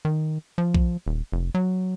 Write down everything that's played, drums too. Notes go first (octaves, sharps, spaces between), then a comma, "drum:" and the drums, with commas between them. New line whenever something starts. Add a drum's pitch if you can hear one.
D#3
F3
drum: kick B1
D#1
F1
F#3